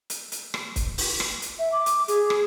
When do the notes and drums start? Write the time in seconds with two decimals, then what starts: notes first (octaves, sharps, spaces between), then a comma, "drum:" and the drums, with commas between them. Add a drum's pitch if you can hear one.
0.10 drum: hi-hat
0.32 drum: hi-hat
0.54 drum: rim click
0.76 drum: kick C#1, hi-hat
0.98 drum: open hi-hat
1.20 drum: rim click
1.42 drum: hi-hat
1.59 E5
1.72 D6
1.86 drum: hi-hat
2.08 G#4, drum: hi-hat
2.30 drum: rim click